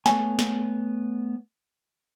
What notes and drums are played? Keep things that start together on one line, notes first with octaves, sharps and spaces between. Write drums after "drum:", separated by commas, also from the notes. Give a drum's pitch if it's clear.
A3 B3 C#5 G#5, drum: snare
drum: snare